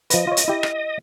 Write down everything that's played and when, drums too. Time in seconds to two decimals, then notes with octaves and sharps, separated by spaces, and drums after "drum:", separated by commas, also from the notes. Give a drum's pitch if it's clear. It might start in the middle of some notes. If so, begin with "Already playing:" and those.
0.10 F3 B4 D#5, drum: hi-hat
0.27 F4 C#5
0.37 drum: hi-hat
0.48 E4 G4
0.63 drum: rim click